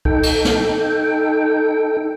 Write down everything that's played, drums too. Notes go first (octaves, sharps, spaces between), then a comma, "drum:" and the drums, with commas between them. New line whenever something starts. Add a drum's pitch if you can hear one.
D#4 A4 G5, drum: kick
drum: cymbal
drum: snare